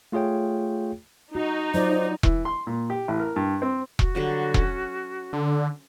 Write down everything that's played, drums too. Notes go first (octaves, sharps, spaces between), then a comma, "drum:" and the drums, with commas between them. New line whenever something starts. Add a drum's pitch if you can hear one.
A3 F4 G#4 C#5 G5
D#4 F#4
F#3 F4 C5 D5
E3, drum: kick E1
C6
A#2
G4
A1
A#4
G2
C4
F#4, drum: kick E1
D3 F#3 G3
C#4, drum: kick E1
D3